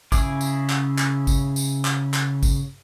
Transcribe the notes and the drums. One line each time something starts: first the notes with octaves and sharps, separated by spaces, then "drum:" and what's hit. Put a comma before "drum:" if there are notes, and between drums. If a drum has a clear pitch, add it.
C#3 E4 G#4 D6, drum: kick, tambourine
drum: tambourine
drum: clap
drum: clap
drum: kick, tambourine
drum: tambourine
drum: clap
drum: clap
drum: kick, tambourine